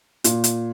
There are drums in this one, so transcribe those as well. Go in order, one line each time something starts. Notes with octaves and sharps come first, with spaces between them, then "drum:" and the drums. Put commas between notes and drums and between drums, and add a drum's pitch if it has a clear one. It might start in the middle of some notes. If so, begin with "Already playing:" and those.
A#2, drum: hi-hat
drum: hi-hat